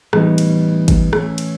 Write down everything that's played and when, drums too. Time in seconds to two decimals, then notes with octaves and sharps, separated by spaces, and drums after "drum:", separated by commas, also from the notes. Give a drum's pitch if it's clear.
0.13 A2 E3 G3 B3 D#4, drum: rim click
0.38 drum: cymbal
0.88 drum: kick, cymbal
1.13 A2 E3 A3 C#4, drum: rim click
1.38 drum: cymbal